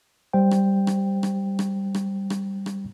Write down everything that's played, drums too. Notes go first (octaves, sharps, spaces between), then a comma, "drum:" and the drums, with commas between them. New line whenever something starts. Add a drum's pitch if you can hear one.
G3 C5 G5
drum: rim click
drum: rim click
drum: rim click
drum: rim click
drum: rim click
drum: rim click
drum: rim click